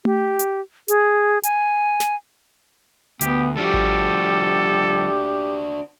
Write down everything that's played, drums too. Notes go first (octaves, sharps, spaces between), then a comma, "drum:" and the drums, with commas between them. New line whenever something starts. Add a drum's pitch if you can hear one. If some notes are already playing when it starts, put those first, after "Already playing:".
G4, drum: tom A3
drum: hi-hat
G#4, drum: hi-hat
G#5, drum: hi-hat
drum: snare
D2 B3 G4, drum: hi-hat
F3 G3 D4 F#4 G4 A4
drum: kick G#1